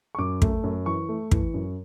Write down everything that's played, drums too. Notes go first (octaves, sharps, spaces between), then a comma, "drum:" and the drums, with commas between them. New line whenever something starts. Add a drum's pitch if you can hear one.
C#6
F#2 D6
A3, drum: kick
F#2
E3 C#6
A3
E3, drum: kick
F#2